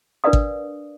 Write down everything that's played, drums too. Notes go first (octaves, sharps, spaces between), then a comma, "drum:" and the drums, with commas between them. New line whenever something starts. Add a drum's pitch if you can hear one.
D4 A#4 B4 D5 F5 D#6
drum: kick